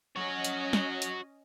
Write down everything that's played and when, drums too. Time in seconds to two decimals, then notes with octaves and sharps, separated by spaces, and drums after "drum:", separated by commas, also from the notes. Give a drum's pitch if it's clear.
0.16 C#4 F#4 C#5 D#5
0.45 drum: hi-hat
0.73 drum: snare
1.02 drum: hi-hat